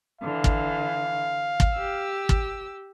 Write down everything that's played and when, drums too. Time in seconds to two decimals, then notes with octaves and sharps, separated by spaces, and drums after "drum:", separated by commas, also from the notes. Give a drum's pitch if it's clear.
0.21 D3 E3 F5
0.44 drum: kick
1.60 drum: kick
1.73 G4 E6
2.29 drum: kick